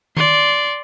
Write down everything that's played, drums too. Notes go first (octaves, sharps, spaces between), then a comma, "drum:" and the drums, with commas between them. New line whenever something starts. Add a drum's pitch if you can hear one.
D5 C6, drum: tom D#3